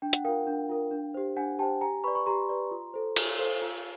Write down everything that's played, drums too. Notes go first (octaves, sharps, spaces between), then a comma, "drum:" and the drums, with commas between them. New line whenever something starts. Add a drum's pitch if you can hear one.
D4 G5
F#5, drum: hi-hat
F4 A#4 F5 G5
D4
F4 A#4
D4
G4 C5
D4 F#5 G#5
G4 C5 G5 A5
G4 G#5 A#5
B4 D5 B5 C#6
B5 C#6
G4 A#5 C6
B4 D5
F4
A4 C5
F4, drum: cymbal
A4 C5
F4